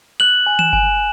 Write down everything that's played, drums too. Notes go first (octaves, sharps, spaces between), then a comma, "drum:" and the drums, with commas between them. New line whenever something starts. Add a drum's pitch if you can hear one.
F#6 F#7
G#5
E7, drum: tom D#3
G#5, drum: kick G1